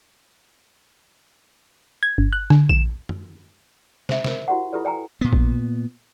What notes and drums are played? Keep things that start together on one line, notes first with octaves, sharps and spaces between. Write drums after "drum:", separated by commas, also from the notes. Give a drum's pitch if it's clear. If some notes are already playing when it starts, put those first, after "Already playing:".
G#6
G1
F#6
D3, drum: rim click
E7, drum: kick A#1
drum: tom F#2
C5 E5, drum: snare
A#4 C5, drum: snare
E4 F#4 G4 D5 F#5
E4 F4 G4 A4 B4 D5
D5 G5 G#5 A#5
A#2 B3
drum: kick A#1